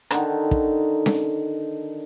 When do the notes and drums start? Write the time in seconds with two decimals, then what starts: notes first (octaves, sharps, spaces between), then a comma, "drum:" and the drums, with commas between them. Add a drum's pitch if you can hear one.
0.11 D3 D#3, drum: rim click
0.51 drum: kick
1.06 drum: snare C#4